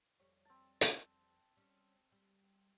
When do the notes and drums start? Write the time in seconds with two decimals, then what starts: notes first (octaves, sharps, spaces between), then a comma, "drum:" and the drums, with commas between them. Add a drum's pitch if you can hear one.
0.20 F2 G3 C#5
0.45 C4 A5
0.81 drum: hi-hat
1.57 G3 C#4
2.12 G3